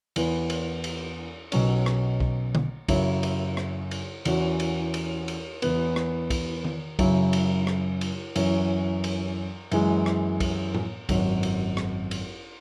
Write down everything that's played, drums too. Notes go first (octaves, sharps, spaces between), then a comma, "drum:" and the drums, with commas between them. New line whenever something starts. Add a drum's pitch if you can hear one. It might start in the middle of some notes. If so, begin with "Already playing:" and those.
E2 E3 B3, drum: cymbal
drum: cymbal
drum: cymbal
B1 B2 F#3 C#4, drum: cymbal
drum: rim click
drum: kick
drum: tom D3
F#2 C#3 F#3 E4, drum: kick, cymbal
drum: cymbal
drum: rim click
drum: cymbal
E2 E3 C#4 F#4, drum: cymbal
drum: cymbal
drum: cymbal
drum: cymbal
E2 E3 B3, drum: cymbal
drum: rim click
drum: kick, cymbal
drum: tom D#3
F#2 C#3 F#3 E4, drum: kick, cymbal
drum: cymbal
drum: rim click
drum: cymbal
F#2 E3 C#4, drum: cymbal
drum: cymbal
F#2 E3 G#3, drum: cymbal
drum: rim click
drum: kick, cymbal
drum: tom A2
G#1 F#2 F#3, drum: kick, cymbal
drum: cymbal
drum: rim click
drum: cymbal